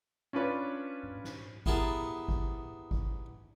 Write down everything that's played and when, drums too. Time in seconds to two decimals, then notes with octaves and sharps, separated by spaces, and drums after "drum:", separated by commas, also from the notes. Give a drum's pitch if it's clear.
0.33 C#4 D4 F4 B4 C#5
1.03 drum: tom G#2
1.24 drum: snare
1.66 B3 E4 G4 G#4 A#4 A5, drum: kick G#1
2.28 drum: kick G#1
2.91 drum: kick G#1